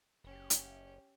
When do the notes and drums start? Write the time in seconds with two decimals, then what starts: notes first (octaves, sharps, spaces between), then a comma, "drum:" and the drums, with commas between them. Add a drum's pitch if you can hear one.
0.24 F#1 C#4 G4
0.50 drum: hi-hat